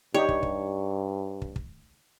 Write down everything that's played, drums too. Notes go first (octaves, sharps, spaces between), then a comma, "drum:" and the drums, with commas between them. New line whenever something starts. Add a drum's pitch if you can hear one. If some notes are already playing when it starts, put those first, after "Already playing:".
G2 D#4 G4 C#5 D5
drum: kick
drum: kick
drum: kick
drum: kick